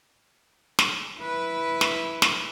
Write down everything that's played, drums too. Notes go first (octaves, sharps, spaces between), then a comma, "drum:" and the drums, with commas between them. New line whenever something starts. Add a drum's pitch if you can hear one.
drum: snare
E4 B4
drum: snare
drum: snare